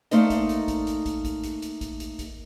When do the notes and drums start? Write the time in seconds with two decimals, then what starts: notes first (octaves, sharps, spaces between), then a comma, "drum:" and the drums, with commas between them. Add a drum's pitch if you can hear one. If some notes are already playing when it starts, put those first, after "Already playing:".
0.11 A3 A#3 D#4 C5 D5 D#5, drum: hi-hat
0.30 drum: kick, hi-hat
0.49 drum: hi-hat
0.68 drum: kick, hi-hat
0.87 drum: hi-hat
1.06 drum: kick, hi-hat
1.25 drum: kick, hi-hat
1.43 drum: hi-hat
1.62 drum: hi-hat
1.81 drum: kick, hi-hat
2.00 drum: hi-hat
2.19 drum: kick, hi-hat